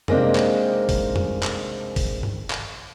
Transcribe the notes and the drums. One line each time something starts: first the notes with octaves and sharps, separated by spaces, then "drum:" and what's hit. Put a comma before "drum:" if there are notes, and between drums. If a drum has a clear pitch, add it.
C3 G#3 A#3 C4 D4 D#4, drum: tom F2
drum: clap
drum: kick, open hi-hat
drum: tom F2
drum: clap
drum: kick, open hi-hat
drum: tom G2
drum: clap